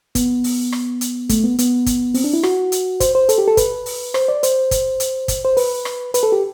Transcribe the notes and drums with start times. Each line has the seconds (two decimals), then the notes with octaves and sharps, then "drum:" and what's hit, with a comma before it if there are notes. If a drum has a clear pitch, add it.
0.15 B3, drum: kick, hi-hat
0.44 drum: open hi-hat
0.72 drum: rim click
1.01 drum: hi-hat
1.29 A3, drum: kick, hi-hat
1.43 B3
1.58 B3, drum: hi-hat
1.86 drum: kick, hi-hat
2.14 C4, drum: open hi-hat
2.24 D4
2.33 E4
2.43 F#4, drum: rim click
2.72 drum: hi-hat
3.00 C5, drum: kick, hi-hat
3.15 C5
3.29 A4, drum: hi-hat
3.38 G4
3.48 A4
3.57 B4, drum: kick, hi-hat
3.86 drum: open hi-hat
4.14 C5, drum: rim click
4.28 D5
4.43 C5, drum: hi-hat
4.71 drum: kick, hi-hat
5.00 drum: hi-hat
5.28 drum: kick, hi-hat
5.45 C5
5.57 B4, drum: open hi-hat
5.85 drum: rim click
6.14 B4, drum: hi-hat
6.23 A4
6.32 G4